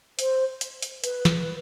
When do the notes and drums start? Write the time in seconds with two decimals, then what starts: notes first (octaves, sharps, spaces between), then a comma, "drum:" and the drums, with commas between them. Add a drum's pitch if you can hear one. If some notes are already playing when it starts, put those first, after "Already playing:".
0.19 C5, drum: hi-hat
0.61 drum: hi-hat
0.82 drum: hi-hat
1.04 B4, drum: hi-hat
1.25 drum: snare